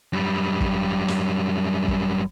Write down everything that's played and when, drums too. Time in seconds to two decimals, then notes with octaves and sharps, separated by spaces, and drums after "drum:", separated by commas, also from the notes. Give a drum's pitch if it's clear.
0.13 F#2 G3
0.61 drum: kick
1.08 drum: snare
1.88 drum: kick